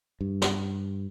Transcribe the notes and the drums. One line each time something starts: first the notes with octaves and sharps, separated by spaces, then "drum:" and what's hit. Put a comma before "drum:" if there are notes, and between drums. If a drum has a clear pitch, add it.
G2
drum: snare